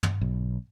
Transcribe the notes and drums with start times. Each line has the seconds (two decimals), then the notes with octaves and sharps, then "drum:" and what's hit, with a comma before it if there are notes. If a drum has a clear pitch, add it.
0.03 drum: tom
0.21 B1